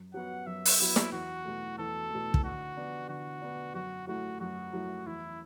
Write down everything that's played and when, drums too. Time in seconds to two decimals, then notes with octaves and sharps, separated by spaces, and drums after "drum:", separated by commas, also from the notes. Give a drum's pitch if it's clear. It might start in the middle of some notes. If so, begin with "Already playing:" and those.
Already playing: F#2
0.14 F#3 B3 F#4 F#5
0.47 F#2 E5
0.65 drum: open hi-hat
0.79 F#3 B3 E4 F#4
0.96 drum: snare
1.12 E2 F#4
1.45 B2 A3
1.79 E2 A4
2.11 B2 A3
2.34 drum: kick
2.43 D3 F#4
2.77 B3 D4
3.09 D3 F#4
3.41 B3 D4
3.74 F#2 F#4
4.07 F#3 A3 E4 F#4
4.40 F#2 F#4
4.73 F#3 A3 E4
5.06 E2 E4